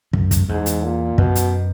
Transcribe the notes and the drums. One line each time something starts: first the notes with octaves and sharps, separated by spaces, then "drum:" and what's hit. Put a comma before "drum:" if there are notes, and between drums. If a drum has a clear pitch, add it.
F#2, drum: kick
drum: kick, hi-hat
E2 G#2
drum: hi-hat
A#2
F#2 B2, drum: kick
drum: hi-hat